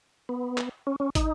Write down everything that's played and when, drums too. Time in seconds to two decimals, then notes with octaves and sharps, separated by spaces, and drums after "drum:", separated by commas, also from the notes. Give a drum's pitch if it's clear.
0.29 B3
0.58 drum: clap
0.87 C#4
1.00 C#4
1.15 D#4, drum: kick, hi-hat